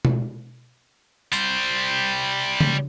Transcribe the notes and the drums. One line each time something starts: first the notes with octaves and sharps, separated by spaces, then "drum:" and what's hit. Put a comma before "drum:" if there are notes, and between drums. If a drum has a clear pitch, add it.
drum: tom B2
G3 C5, drum: tambourine
drum: tom C#3